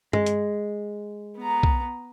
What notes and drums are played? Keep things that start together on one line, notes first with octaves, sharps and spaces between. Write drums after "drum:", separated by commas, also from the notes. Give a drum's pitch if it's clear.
G#3, drum: tom G2
drum: hi-hat
B3 A#5
drum: kick B1